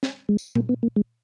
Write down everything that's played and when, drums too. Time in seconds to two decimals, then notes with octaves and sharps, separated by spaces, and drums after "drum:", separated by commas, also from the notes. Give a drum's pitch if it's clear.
0.03 drum: snare
0.29 G#3
0.38 drum: tambourine
0.55 A#3, drum: tom A#2
0.69 B3
0.83 A#3
0.96 G#3